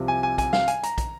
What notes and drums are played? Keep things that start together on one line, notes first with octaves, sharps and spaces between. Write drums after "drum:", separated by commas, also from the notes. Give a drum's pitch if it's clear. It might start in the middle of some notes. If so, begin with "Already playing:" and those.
Already playing: C2 C3 F3
G#5
G#5
G#5, drum: kick, hi-hat
F5, drum: snare
G#5, drum: hi-hat
A#5, drum: hi-hat
drum: kick, hi-hat